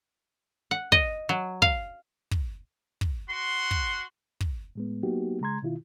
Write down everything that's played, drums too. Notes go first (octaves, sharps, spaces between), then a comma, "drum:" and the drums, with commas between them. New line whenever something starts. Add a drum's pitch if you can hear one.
F#5
D#5, drum: kick
F#3
F5, drum: kick
drum: kick
drum: kick
F#4 F#5 C6
drum: kick
drum: kick
A2 G#3 B3
F#3 A#3 B3 D#4 F#4 G4
C#3 G#3 A#5 C6 G#6
B2 D#3 E4 F4